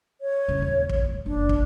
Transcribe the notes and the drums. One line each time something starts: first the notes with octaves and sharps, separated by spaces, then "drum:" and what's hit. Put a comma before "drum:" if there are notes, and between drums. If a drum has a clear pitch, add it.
C#5
A#2 C#3
D#2
drum: kick
D1
F#1 D4
drum: kick